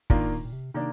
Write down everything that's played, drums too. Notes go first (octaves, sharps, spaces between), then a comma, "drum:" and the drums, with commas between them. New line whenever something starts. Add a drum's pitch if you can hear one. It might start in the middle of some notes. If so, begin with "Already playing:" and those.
G#2 D#3 A#3 D4 F4, drum: kick
A#2
A#2
C3
C3 D#3 A#3 D4